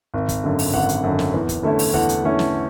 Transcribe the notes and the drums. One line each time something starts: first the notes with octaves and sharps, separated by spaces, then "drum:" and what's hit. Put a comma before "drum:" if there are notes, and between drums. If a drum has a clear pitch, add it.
G#1
drum: kick, hi-hat
F#2 D3
drum: open hi-hat
G#1 F#5, drum: kick
drum: hi-hat
F#2 D3
drum: snare
E2
drum: kick, hi-hat
D3 A3 C#4 E4
drum: open hi-hat
E2 F#5, drum: kick
drum: hi-hat
D3 A3 C#4 E4
drum: snare